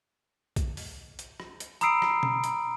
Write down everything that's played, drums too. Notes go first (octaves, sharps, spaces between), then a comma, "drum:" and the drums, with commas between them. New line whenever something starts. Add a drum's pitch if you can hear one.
drum: kick, hi-hat
drum: open hi-hat
drum: hi-hat
drum: rim click
drum: hi-hat
A#5 B5 D#6 E6 C7 D7, drum: hi-hat
drum: rim click
drum: tom B2
drum: hi-hat